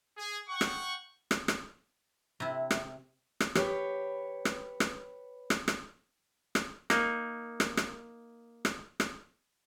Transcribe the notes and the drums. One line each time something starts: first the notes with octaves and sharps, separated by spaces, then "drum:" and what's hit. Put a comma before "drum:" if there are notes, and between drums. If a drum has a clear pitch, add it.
G#4
F#5 G5 C#6
drum: rim click
drum: rim click
drum: rim click
C3 E4
drum: rim click
drum: rim click
G4 B4 C#5, drum: rim click
drum: rim click
drum: rim click
drum: rim click
drum: rim click
drum: rim click
A#3 D#4, drum: rim click
drum: rim click
drum: rim click
drum: rim click
drum: rim click